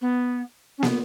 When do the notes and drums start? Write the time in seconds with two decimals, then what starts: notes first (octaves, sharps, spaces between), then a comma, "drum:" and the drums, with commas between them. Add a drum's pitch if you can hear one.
0.01 B3
0.78 C#4
0.83 B3, drum: snare